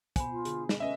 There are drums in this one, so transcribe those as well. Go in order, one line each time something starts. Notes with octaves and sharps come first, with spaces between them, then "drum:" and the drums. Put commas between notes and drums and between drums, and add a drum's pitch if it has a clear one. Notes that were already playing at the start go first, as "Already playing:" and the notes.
B2 C5 G#5 B5, drum: kick, hi-hat
F4
D3 G#4, drum: hi-hat
drum: snare
A3 C#4 B4 D#5 E5